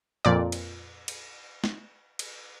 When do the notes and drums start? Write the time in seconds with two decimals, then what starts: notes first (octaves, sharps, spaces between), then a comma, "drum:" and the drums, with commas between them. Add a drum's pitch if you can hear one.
0.25 F2 A#2 D5
0.52 drum: cymbal
1.08 drum: cymbal
1.64 drum: snare
2.19 drum: cymbal